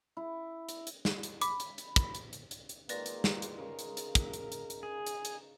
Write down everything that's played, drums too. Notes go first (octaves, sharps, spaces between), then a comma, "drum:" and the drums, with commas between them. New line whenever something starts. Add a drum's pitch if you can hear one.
E4
drum: hi-hat
drum: hi-hat
drum: snare
drum: hi-hat
B5 D6, drum: hi-hat
drum: hi-hat
drum: hi-hat
drum: kick, hi-hat
drum: hi-hat
drum: hi-hat
drum: hi-hat
drum: hi-hat
D#3 G#3 A#3 F4 B4 D5 A#6, drum: hi-hat
drum: hi-hat
drum: snare
drum: hi-hat
C#3 D#4 A#4
drum: hi-hat
drum: hi-hat
drum: kick, hi-hat
drum: hi-hat
drum: hi-hat
drum: hi-hat
G#4
drum: hi-hat
drum: hi-hat